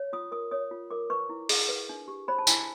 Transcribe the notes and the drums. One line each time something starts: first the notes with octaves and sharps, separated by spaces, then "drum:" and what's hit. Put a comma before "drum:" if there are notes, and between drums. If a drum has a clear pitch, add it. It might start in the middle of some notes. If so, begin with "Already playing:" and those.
Already playing: C#5
F4 D#6
A#4 D#6
C#5 D#6
F4
A#4 D6
B4 C#6
E4
G#4, drum: open hi-hat
B4
D4
G4
C5 B5
A5
E4 G#5, drum: tambourine